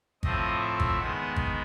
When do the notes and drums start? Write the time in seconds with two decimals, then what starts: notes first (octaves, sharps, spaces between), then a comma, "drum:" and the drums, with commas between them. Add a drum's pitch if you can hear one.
0.23 A2 F3 A3 C4 D#5, drum: kick G#1
0.61 E5
0.80 drum: kick G#1
0.98 D#3 G#3 B3 F#5
1.36 drum: kick G#1